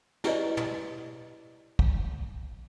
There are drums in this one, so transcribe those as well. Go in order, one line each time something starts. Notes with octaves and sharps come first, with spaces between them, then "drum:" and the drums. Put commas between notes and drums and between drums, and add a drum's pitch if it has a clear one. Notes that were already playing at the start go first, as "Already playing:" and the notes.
E4 G4 B4 D5 D#5, drum: snare
drum: tom
drum: kick